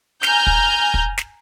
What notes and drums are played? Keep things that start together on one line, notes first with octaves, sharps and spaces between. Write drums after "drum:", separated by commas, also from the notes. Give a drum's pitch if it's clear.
G#5 A#5 F6 G6, drum: snare
drum: kick
drum: kick
drum: snare